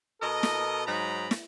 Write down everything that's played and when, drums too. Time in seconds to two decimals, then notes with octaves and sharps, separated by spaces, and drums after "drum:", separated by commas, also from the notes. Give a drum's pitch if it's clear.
0.21 B2 A4 A#4 D#5
0.43 drum: snare
0.86 G#2 F#3 D#4 A#5 B5
1.31 drum: snare